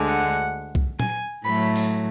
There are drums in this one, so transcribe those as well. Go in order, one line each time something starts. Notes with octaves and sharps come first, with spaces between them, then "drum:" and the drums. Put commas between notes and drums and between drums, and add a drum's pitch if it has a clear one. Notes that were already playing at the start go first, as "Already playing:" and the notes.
Already playing: D2 D3 G#3
F#5
drum: kick
G#5, drum: tom A#2
A2 F#3 A3 B5
drum: open hi-hat